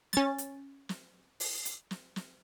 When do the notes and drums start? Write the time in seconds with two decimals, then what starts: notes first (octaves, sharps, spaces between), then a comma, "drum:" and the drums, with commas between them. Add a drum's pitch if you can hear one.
0.13 C#4 A6, drum: snare
0.38 drum: hi-hat
0.89 drum: snare
1.40 drum: open hi-hat
1.65 drum: hi-hat
1.91 drum: snare
2.16 drum: snare